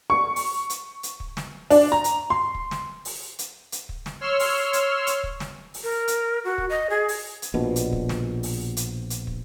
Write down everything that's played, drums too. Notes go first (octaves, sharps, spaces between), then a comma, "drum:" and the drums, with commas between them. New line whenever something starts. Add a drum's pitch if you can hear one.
C#6
drum: open hi-hat
drum: hi-hat
drum: hi-hat
drum: kick
drum: snare
D4, drum: open hi-hat
A#5
drum: hi-hat
C6
drum: kick
drum: snare
drum: open hi-hat
drum: hi-hat
drum: hi-hat
drum: kick
drum: snare
C#5 C6 E6 F6
drum: open hi-hat
drum: hi-hat
drum: hi-hat
drum: kick
drum: snare
drum: open hi-hat
A#4
drum: hi-hat
F#4
drum: kick
D#5
G#4
drum: open hi-hat
drum: hi-hat
A#1 B2
drum: hi-hat
drum: kick
drum: snare
drum: open hi-hat
drum: hi-hat
drum: hi-hat
drum: kick